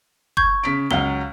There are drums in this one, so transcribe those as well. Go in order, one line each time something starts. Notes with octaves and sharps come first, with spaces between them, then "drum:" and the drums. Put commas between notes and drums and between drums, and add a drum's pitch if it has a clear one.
C#6 G6 G#6, drum: kick F#1
C#3 B6 D7
C#2 F#3 F5 G7